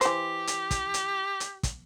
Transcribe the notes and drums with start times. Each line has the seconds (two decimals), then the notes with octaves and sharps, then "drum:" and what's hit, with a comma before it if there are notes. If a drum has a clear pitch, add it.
0.01 E3 G4 C5, drum: hi-hat
0.47 drum: hi-hat
0.71 drum: kick, hi-hat
0.94 drum: hi-hat
1.40 drum: hi-hat
1.63 drum: kick, hi-hat